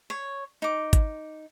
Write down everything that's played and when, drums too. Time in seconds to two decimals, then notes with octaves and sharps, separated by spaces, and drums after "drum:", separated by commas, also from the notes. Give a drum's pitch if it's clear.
0.10 C#5
0.62 D#4 D6
0.93 drum: kick G#1, hi-hat